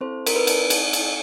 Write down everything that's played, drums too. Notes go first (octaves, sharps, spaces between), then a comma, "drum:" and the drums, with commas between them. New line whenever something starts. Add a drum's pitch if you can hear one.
C4 E4 A4 C5
A#4, drum: cymbal
B4
drum: cymbal
drum: cymbal
drum: cymbal